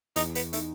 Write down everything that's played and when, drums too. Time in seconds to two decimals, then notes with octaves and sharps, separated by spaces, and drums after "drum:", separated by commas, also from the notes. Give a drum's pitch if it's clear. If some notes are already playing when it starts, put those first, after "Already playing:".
0.16 E2 D#4, drum: hi-hat
0.35 B3, drum: hi-hat
0.53 A3 D#4, drum: hi-hat